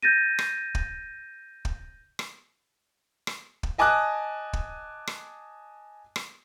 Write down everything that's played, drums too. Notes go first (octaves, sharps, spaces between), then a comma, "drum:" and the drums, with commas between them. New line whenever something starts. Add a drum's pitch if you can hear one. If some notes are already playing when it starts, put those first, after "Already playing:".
G6 A6 A#6 D#7
drum: rim click
drum: kick
drum: kick
drum: rim click
drum: rim click
drum: kick
D#5 G#5 A5 D6 D#6 F#6
drum: kick
drum: rim click
drum: rim click